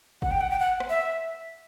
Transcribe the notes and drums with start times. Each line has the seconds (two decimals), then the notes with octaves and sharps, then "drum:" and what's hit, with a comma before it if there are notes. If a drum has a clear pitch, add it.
0.22 F#5, drum: kick
0.31 G5
0.41 F#5
0.50 G5
0.59 F#5
0.80 drum: rim click
0.89 E5